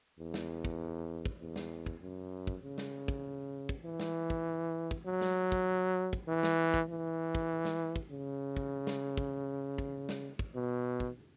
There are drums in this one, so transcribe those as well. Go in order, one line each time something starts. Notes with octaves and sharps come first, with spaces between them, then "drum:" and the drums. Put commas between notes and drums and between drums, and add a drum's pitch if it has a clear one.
E2
drum: snare
drum: kick
drum: kick
E2
drum: snare
drum: kick
F#2
drum: kick
C#3
drum: snare
drum: kick
drum: kick
E3
drum: snare
drum: kick
drum: kick
F#3
drum: snare
drum: kick
drum: kick
E3
drum: snare
drum: kick
E3
drum: kick
drum: snare
drum: kick
C#3
drum: kick
drum: snare
drum: kick
drum: kick
drum: snare
drum: kick
B2
drum: kick